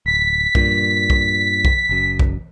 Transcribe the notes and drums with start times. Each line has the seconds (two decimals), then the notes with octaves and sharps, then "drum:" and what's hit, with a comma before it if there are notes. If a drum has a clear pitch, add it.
0.06 D1 B6
0.55 G2 A#2, drum: kick B1
1.10 drum: kick B1
1.65 drum: kick B1
1.89 F#1 F#2
2.19 drum: kick B1